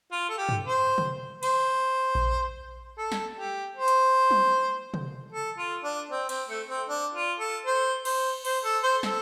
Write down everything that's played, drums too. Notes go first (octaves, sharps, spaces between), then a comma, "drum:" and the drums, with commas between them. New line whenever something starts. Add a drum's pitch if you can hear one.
F4
A4
G4
drum: tom
C5
drum: tom
C5, drum: cymbal
drum: kick A#1
A4
drum: snare
G4
C5
drum: hi-hat
drum: tom
drum: tom
A4
F4
D4
C4
C4, drum: cymbal
A3
C4
D4
F4
A4
C5
C5, drum: cymbal
C5, drum: cymbal
A4
C5
A4, drum: snare